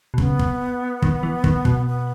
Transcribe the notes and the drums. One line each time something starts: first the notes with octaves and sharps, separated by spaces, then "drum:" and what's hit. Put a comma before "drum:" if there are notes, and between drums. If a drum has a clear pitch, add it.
B2
C#3 B3, drum: kick
drum: kick
D#3, drum: kick
E3
D#3, drum: kick
B2, drum: kick
B3